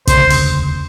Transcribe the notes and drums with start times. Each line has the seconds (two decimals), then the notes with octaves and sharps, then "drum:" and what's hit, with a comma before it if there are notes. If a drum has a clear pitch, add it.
0.07 E1 D2 C#3 C5, drum: kick, hi-hat
0.30 drum: open hi-hat